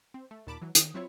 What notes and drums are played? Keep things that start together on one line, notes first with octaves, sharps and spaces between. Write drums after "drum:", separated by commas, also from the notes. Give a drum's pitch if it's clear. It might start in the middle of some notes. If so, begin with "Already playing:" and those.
C4
A3
D#2 A#2 A5 B5 D6
E3 F#3
D#3 D#6, drum: hi-hat
F#3 C4 E4 F4 C#5